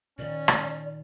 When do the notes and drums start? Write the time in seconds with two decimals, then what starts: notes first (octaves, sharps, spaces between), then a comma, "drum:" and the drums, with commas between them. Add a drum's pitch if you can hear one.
0.19 A#2 D#3 C#4 D5
0.48 drum: rim click